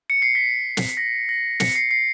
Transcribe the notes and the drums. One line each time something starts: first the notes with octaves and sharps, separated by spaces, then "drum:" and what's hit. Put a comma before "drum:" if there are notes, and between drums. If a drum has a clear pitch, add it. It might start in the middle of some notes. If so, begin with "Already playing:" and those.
C#7
C7
B6
drum: snare
A#6
A#6
C#7, drum: snare
C7
C7